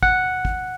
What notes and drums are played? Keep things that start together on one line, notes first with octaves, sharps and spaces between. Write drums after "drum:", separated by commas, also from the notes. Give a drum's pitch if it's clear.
F#5, drum: kick
drum: kick